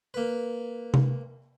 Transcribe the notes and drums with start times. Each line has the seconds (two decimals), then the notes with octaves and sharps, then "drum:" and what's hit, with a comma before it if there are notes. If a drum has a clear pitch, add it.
0.14 A#3 B4
0.94 drum: tom C3